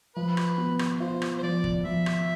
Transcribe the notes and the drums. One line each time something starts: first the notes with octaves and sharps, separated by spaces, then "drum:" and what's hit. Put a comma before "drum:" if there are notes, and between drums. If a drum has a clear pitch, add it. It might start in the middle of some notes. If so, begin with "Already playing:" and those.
F3 B4
drum: rim click
B3
drum: rim click
F4 C5
drum: rim click
C5
F3 D5
drum: kick
F3 E5
drum: rim click